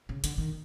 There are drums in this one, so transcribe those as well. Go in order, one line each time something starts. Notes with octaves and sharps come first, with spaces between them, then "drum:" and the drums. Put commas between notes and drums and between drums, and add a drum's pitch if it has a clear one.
C#3
D3, drum: hi-hat
D#3